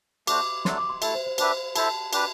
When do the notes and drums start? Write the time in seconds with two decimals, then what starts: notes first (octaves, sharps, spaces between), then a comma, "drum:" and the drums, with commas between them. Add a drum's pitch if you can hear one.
0.27 A3 D4 F#4 C5 D6, drum: cymbal
0.65 F#3 A3 D4 A4 C6, drum: snare
0.78 D6
0.89 C6
1.02 A3 E4 A4 E5, drum: cymbal
1.15 C5
1.26 C5
1.38 D4 G4 B4 C5 E5, drum: cymbal
1.76 E4 A4 C5 E5 A5, drum: cymbal
2.13 D4 G4 B4, drum: cymbal